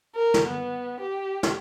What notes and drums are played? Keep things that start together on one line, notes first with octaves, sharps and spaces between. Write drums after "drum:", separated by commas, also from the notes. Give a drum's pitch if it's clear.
A#4
drum: snare
B3
G4
drum: snare